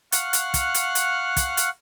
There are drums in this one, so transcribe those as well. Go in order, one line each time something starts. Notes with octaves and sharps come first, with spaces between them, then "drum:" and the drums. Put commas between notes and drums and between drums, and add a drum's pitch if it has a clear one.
F5 F#5 C#6 F6 F#6, drum: hi-hat
drum: hi-hat
drum: kick, hi-hat
drum: hi-hat
drum: hi-hat
drum: kick, hi-hat
drum: hi-hat